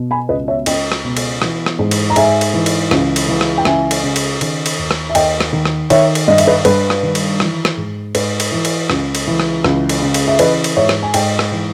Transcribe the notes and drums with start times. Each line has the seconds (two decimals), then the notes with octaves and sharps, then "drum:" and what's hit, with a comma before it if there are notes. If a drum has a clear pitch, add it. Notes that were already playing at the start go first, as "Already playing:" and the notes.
Already playing: B2
0.11 G#5 B5
0.29 C#2 B4 D#5
0.48 C#5 E5
0.66 C#2 D#5 G5, drum: cymbal
0.92 drum: rim click
1.04 B2
1.17 drum: cymbal
1.42 E3, drum: rim click
1.66 drum: rim click
1.79 G#2
1.91 drum: cymbal
2.10 A#5
2.16 G#2 E5 G#5, drum: cymbal
2.41 drum: cymbal
2.54 E3
2.66 drum: cymbal
2.91 C#2, drum: rim click
3.16 drum: cymbal
3.29 E3
3.41 drum: rim click
3.58 G5
3.65 C#2 E5 G#5, drum: rim click
3.91 drum: cymbal
4.03 C#3
4.16 drum: cymbal
4.41 D#3, drum: cymbal
4.66 drum: cymbal
4.79 D#2
4.91 drum: rim click
5.09 E5
5.15 D#2 D#5 G5, drum: cymbal
5.41 drum: rim click
5.53 D#3
5.65 drum: rim click
5.90 D#3 C#5 E5, drum: cymbal
6.15 drum: cymbal
6.28 G2 D#5
6.38 E5, drum: cymbal
6.47 B4 D#5
6.65 G2 B4, drum: cymbal
6.90 drum: rim click
7.03 D#3
7.15 drum: cymbal
7.40 E3, drum: rim click
7.65 drum: rim click
7.77 G#2
8.15 G#2 B4, drum: cymbal
8.40 drum: cymbal
8.52 E3
8.65 drum: cymbal
8.90 C#2, drum: rim click
9.15 drum: cymbal
9.27 E3
9.40 drum: rim click
9.64 C#2, drum: rim click
9.89 drum: cymbal
10.02 C#3
10.14 drum: cymbal
10.28 E5
10.39 E3 B4 D#5, drum: cymbal
10.64 drum: cymbal
10.76 G#2 C#5 E5
10.89 drum: rim click
11.03 G#5
11.14 G#2 D#5 G5, drum: cymbal
11.39 drum: rim click
11.52 E3